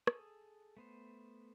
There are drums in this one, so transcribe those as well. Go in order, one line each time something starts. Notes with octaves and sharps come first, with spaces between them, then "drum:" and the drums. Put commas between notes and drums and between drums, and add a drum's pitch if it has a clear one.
G#4 A4 D#6, drum: rim click
A3 B3 C5